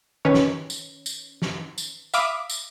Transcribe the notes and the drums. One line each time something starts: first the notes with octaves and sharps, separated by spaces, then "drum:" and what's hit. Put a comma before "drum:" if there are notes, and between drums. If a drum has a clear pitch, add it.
D#3 C#4 B4 C#5
drum: snare
drum: tambourine
drum: tambourine
drum: snare
drum: tambourine
E5 F5 B5 D6 D#6, drum: tambourine
drum: tambourine